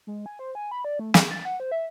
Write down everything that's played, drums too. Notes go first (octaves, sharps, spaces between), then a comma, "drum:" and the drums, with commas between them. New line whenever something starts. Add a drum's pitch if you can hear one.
G#3
G#5
C5
G#5
B5
D5
A3
G#4, drum: snare
A6
F#5
C5
E5